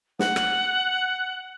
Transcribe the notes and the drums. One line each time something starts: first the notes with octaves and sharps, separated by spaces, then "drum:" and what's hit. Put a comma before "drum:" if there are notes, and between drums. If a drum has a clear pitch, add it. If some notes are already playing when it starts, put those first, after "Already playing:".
F#5, drum: snare
drum: rim click